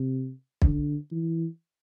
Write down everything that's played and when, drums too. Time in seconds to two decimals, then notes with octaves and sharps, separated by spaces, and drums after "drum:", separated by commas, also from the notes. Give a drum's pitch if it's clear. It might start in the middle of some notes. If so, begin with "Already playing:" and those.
Already playing: C3
0.62 D3, drum: kick
1.11 E3